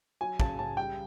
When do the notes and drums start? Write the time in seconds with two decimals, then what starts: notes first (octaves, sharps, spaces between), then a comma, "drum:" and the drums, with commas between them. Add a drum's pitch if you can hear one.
0.21 F#3 G#5
0.40 C#3 A5, drum: kick
0.59 C#3 A5
0.77 G3 G5